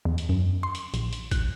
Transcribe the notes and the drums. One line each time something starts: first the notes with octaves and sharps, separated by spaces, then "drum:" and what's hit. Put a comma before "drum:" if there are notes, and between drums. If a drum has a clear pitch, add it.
E2
drum: hi-hat
F#2
C6
drum: hi-hat
A#1, drum: hi-hat
drum: hi-hat
F#6, drum: kick G#1, hi-hat